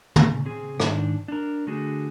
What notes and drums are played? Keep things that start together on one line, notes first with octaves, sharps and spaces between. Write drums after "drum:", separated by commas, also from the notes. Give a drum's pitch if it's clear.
C#3, drum: tom
C#3 C4 G#4
G#2 D#3 D4, drum: rim click
D4 A#4
D3 A3 F#4 G#4